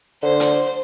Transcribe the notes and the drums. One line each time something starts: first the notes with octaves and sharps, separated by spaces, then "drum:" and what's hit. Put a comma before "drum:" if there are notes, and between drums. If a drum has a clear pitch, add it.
D3 C5
drum: hi-hat